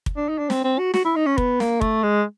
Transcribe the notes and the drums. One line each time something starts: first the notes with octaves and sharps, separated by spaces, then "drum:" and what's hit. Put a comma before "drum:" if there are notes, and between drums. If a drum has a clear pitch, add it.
drum: kick
D4
D#4
D4
C4, drum: snare
C4
F#4
F#4, drum: snare
E4
D#4
C#4
B3, drum: kick
A#3, drum: snare
A3, drum: kick
G#3